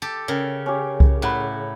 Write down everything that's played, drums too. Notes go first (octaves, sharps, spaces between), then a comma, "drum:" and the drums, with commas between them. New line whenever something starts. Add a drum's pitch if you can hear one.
G4 A4
C#3 A#4 G5
C#4 G4
drum: kick C2
A2 F#5 A#5 B5